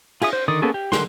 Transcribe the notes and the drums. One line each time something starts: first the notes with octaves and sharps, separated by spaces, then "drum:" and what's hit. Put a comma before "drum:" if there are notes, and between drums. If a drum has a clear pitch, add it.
F4 G#4 E5 D#6, drum: cymbal
C5
D3 D#3 D5 D#6
A#3 B3 C#4 G#4 A4
G4
D3 A#4 F#5 C6, drum: snare